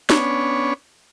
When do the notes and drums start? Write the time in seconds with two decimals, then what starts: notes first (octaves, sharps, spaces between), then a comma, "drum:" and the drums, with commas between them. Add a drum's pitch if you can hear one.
0.10 B3 C#4 D4 C#5, drum: snare D4